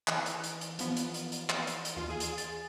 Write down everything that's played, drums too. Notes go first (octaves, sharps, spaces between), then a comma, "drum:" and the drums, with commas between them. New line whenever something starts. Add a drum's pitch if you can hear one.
E3, drum: clap
drum: hi-hat
drum: hi-hat
drum: hi-hat
F3 B3, drum: hi-hat
drum: hi-hat
drum: hi-hat
drum: hi-hat
drum: clap
drum: hi-hat
drum: hi-hat
D#2 F4
G#4
drum: hi-hat
A6, drum: hi-hat